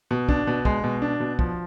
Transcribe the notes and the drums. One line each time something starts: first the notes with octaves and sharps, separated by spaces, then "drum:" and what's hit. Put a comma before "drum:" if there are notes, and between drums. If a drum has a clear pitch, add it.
B2
D4, drum: kick
B2
G#3, drum: kick
B2
D4
B2
F3, drum: kick